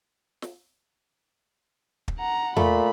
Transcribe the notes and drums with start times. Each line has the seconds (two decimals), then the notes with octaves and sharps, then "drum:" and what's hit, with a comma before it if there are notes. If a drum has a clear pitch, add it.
0.42 drum: snare
2.08 drum: kick
2.19 F#5 A#5
2.56 A#2 A3 B5, drum: tom E2